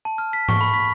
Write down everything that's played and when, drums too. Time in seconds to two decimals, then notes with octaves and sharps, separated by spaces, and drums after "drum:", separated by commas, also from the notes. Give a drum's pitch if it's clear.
0.05 A5
0.18 F6
0.33 B6
0.49 C#6, drum: tom G#2
0.61 B5
0.74 B6